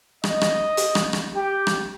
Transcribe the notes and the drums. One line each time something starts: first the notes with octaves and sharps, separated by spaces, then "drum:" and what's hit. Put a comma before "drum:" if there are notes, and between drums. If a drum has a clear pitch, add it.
D#5, drum: rim click
drum: rim click
drum: hi-hat
drum: rim click
drum: rim click
G4
drum: rim click